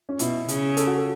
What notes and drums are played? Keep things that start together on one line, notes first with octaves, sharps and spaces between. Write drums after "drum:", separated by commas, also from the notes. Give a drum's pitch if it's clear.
C#4
B2 E4, drum: hi-hat
C#3, drum: hi-hat
A4, drum: hi-hat
F#4
A4